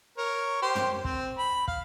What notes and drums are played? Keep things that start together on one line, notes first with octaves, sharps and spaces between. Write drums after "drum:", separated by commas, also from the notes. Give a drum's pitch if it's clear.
A#4 C#5
G4 C5 C6
drum: tom
C4, drum: kick
B5
F5, drum: kick